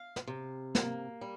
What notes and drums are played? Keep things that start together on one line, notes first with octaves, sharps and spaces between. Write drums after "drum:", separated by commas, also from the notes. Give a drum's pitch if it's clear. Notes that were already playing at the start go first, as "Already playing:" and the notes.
Already playing: F5
drum: snare
C3
A#3, drum: snare
G3